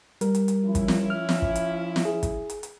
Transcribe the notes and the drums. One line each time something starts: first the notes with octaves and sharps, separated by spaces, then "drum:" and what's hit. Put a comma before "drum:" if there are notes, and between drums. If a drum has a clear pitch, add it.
G3 A#4, drum: hi-hat
drum: hi-hat
drum: hi-hat
F3 C#4 E4
drum: kick, hi-hat
drum: snare
F6
drum: snare
drum: kick
drum: hi-hat
drum: snare
G#4
drum: kick, hi-hat
drum: hi-hat
drum: hi-hat